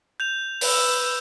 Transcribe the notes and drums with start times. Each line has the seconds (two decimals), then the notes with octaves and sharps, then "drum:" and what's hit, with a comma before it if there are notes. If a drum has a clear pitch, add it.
0.20 G6 F7
0.61 B4 E6, drum: open hi-hat